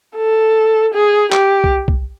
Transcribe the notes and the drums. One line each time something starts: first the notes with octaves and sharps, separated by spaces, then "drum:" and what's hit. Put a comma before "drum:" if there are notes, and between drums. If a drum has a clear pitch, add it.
A4
G#4
G4, drum: clap
drum: kick
drum: kick